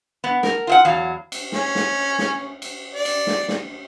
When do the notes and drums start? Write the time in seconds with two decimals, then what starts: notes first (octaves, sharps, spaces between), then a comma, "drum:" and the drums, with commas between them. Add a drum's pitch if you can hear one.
0.24 B3
0.43 A#4, drum: snare
0.67 F4 E5 F#5
0.85 E2 F#3 F5
1.32 drum: cymbal
1.52 C#4, drum: snare
1.75 drum: snare
2.19 drum: snare
2.62 drum: cymbal
2.94 D5
3.05 drum: cymbal
3.27 drum: snare
3.48 drum: snare